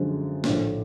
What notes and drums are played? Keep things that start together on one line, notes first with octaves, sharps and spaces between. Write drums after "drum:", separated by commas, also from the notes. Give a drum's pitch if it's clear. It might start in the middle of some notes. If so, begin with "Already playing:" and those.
Already playing: F#2 D3 F3 G#3
A#1 A2 F3 A3 D4, drum: snare